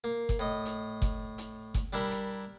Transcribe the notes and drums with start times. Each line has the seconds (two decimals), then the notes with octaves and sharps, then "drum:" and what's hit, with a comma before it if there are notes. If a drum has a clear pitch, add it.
0.04 A#3
0.29 drum: kick F#1, hi-hat
0.39 A2 D#5
0.65 drum: hi-hat
1.02 drum: kick F#1, hi-hat
1.38 drum: hi-hat
1.74 drum: kick F#1, hi-hat
1.93 G3 D4 E4 A#4
2.11 drum: hi-hat